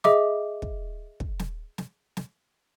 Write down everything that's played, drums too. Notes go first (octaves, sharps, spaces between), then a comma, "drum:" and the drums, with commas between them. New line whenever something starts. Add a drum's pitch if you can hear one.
G#4 D#5 E5 D6, drum: snare
drum: kick
drum: kick
drum: snare
drum: snare
drum: snare